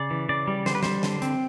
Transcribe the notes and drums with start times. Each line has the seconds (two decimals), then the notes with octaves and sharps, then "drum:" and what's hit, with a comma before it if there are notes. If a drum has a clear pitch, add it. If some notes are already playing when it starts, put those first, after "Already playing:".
Already playing: C#3 D5
0.10 E3
0.29 C#3 D5
0.47 G3
0.66 D3 C5, drum: snare
0.75 B4
0.83 G3 C5, drum: snare
1.03 D3, drum: snare
1.22 C4, drum: hi-hat